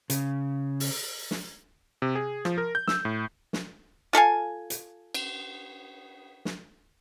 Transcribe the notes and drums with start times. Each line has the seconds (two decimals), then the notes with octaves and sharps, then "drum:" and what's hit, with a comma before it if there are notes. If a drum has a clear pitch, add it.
0.10 C#3, drum: hi-hat
0.80 drum: open hi-hat
1.31 drum: snare
2.02 C3
2.15 G#4
2.45 F3, drum: rim click
2.58 A#4
2.75 G6
2.88 E6, drum: snare
3.05 A2
3.53 drum: snare
4.13 F4 A4 F5 G#5
4.70 drum: hi-hat
5.14 drum: cymbal
6.45 drum: snare